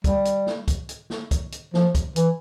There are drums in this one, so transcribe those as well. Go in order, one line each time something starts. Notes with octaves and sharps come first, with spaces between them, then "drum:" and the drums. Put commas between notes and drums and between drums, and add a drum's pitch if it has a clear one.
G3, drum: kick, hi-hat
drum: hi-hat
drum: snare
drum: kick, hi-hat
drum: hi-hat
drum: snare
drum: kick, hi-hat
drum: hi-hat
F3, drum: snare
drum: kick, hi-hat
E3, drum: hi-hat